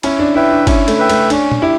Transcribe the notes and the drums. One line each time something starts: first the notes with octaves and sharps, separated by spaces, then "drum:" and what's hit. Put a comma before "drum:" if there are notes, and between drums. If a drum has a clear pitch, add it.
C#4 E4, drum: cymbal
D4
E4 B4 E5 G5
D4
C#4 E4, drum: kick G1, cymbal
A3, drum: cymbal
B4 E5 G5
A3, drum: cymbal
C#4 D4, drum: cymbal
drum: tom
E4 G4